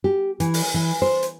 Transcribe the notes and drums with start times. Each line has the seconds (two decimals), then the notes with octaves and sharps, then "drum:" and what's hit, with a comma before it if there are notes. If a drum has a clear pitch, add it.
0.04 G4
0.40 E3, drum: hi-hat
0.54 drum: open hi-hat
0.74 E3
1.02 C5
1.22 drum: hi-hat